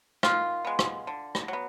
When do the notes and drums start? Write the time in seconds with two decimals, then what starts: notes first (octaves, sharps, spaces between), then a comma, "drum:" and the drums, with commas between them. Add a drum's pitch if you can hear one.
0.23 D#3 F4, drum: rim click
0.65 G#3 B3
0.79 drum: rim click
1.07 D3
1.35 drum: rim click
1.48 F#3 B3